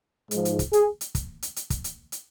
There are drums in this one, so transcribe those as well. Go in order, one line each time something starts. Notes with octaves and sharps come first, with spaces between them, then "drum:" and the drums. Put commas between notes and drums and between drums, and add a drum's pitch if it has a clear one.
G#2 F3, drum: hi-hat
drum: hi-hat
drum: kick, hi-hat
G#4, drum: hi-hat
drum: hi-hat
drum: kick, hi-hat
drum: hi-hat
drum: hi-hat
drum: kick, hi-hat
drum: hi-hat
drum: hi-hat